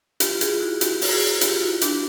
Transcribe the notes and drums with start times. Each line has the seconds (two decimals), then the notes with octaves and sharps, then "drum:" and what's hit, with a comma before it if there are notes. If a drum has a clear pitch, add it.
0.20 F4 G4, drum: hi-hat
0.41 F#4 G#4, drum: hi-hat
0.52 F4
0.60 E4 F#4
0.81 E4 F#4, drum: hi-hat
1.01 drum: open hi-hat
1.11 F#4 G#4
1.41 F4 G4, drum: hi-hat
1.62 E4 F#4
1.81 D4 E4, drum: hi-hat